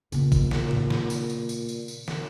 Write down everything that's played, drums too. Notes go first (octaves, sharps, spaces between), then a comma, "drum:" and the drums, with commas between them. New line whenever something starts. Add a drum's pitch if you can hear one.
A#2 C#3 B3, drum: tambourine
drum: kick, tambourine
drum: snare
drum: tom
drum: snare
drum: tambourine
drum: tambourine
drum: tambourine
drum: tambourine
drum: tambourine
drum: snare